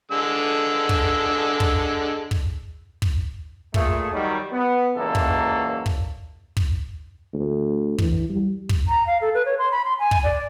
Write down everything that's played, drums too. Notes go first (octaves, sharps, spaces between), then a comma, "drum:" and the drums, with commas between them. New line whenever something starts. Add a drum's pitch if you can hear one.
D3 G#3 E6
drum: kick
drum: kick
drum: kick
drum: kick
A#2 A3 G#4, drum: kick
D#3 F#3 G3
B3
C#2 A#2 E3 F#3 A#3 A4
drum: kick
drum: kick
drum: kick
D2
E3, drum: kick
G3
drum: kick
A#5
F5
A4
B4
C#5
C6
B5
C6
G#5
drum: kick
D5